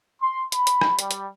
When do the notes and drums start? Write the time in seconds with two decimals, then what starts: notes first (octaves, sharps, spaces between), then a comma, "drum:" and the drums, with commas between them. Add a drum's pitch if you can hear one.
0.21 C6
0.52 B5, drum: hi-hat
0.67 drum: hi-hat
0.81 drum: rim click
0.99 G3, drum: hi-hat
1.11 drum: hi-hat